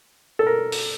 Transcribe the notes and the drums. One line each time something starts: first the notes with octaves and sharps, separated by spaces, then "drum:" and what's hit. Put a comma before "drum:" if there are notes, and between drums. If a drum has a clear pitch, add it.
A4
A#4
drum: open hi-hat